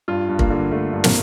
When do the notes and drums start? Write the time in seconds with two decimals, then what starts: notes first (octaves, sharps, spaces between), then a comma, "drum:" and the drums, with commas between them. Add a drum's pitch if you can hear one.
0.08 G2 F4
0.29 G2
0.39 A#3, drum: kick
0.50 D3
0.71 D3 A3
0.93 G2
1.04 A#3, drum: snare